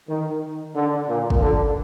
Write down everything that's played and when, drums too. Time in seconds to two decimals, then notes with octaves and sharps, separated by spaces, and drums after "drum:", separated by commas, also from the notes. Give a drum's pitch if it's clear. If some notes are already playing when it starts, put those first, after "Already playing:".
0.09 D#3
0.75 D3
1.08 A#2
1.30 drum: kick
1.41 D3